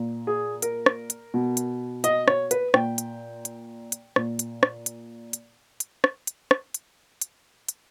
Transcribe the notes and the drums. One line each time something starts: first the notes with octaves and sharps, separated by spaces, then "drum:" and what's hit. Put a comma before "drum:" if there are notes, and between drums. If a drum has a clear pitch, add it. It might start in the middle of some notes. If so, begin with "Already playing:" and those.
Already playing: A#2
G#4
A#4, drum: hi-hat
drum: rim click
drum: hi-hat
B2
drum: hi-hat
D#5, drum: hi-hat
C#5, drum: rim click
B4, drum: hi-hat
A#2 G5, drum: rim click
drum: hi-hat
drum: hi-hat
drum: hi-hat
A#2, drum: rim click
drum: hi-hat
drum: rim click
drum: hi-hat
drum: hi-hat
drum: hi-hat
drum: rim click
drum: hi-hat
drum: rim click
drum: hi-hat
drum: hi-hat
drum: hi-hat